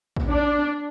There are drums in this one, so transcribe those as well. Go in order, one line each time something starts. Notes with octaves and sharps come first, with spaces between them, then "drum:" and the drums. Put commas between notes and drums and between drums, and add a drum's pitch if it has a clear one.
drum: kick
D4